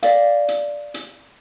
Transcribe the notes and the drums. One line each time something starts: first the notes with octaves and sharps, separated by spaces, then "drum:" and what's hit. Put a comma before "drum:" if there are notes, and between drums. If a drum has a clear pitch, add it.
D5 F5, drum: hi-hat
drum: hi-hat
drum: hi-hat